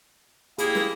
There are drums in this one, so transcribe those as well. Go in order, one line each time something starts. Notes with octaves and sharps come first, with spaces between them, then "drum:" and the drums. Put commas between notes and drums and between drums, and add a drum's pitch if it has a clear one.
A#3 E4 G4 G#4 D#6, drum: hi-hat
drum: snare